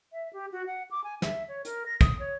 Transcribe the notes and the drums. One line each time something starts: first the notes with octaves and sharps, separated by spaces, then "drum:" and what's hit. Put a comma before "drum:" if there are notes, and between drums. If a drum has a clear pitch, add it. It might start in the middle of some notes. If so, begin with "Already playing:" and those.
E5
G4
F#4
F#5
D6
G#5
E5, drum: snare
C#5
A#4, drum: hi-hat
A#6
D#6, drum: kick, hi-hat
C#5